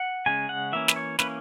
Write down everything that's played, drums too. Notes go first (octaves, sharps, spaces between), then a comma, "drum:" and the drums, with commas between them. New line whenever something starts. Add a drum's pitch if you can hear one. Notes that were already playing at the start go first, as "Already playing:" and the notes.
Already playing: F#5
C#3 G#3 C#4 G#5
F#5
E3 A#3 C#4 E5
B4, drum: snare
C#5
E3 A#3 C#4 B4, drum: snare